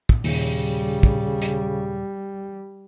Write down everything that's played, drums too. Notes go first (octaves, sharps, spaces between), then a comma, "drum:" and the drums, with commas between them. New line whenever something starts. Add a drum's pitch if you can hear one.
drum: kick
D#2 A#2 C#3 G3, drum: open hi-hat
drum: kick
drum: hi-hat